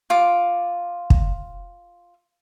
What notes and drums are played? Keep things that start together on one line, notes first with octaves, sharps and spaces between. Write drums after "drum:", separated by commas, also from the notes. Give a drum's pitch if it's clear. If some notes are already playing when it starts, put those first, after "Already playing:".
F4 D6
drum: kick